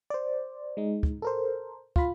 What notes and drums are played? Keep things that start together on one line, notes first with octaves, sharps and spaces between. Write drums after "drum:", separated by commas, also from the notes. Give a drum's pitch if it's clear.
C5 D5
G#3 D#4
drum: kick
A4 A#4 C5
F4 B5, drum: kick